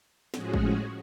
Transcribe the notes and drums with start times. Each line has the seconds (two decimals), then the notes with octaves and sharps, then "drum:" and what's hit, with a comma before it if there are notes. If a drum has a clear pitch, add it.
0.34 A2 F3 G#3 C#4 F#4 G#4, drum: snare
0.54 drum: kick